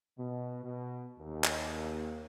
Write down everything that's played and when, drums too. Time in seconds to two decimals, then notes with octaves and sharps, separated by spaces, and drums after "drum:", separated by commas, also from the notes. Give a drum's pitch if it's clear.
0.19 B2
0.64 B2
1.19 D#2
1.44 drum: clap